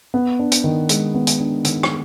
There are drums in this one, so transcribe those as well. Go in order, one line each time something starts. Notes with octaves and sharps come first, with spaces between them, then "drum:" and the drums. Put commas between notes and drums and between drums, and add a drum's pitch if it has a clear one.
B3
D4
drum: hi-hat
D#3
G#3, drum: hi-hat
B3
drum: hi-hat
D4
D#3, drum: hi-hat
drum: rim click